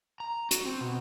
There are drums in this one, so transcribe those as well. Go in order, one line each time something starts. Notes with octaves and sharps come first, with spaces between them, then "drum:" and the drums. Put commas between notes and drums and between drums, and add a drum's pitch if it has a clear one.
A#5
F#4, drum: hi-hat
C4
B2